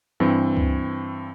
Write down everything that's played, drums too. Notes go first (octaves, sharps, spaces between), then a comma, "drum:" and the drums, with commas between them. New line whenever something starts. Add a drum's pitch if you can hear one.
G2 E3 C4
drum: kick C#2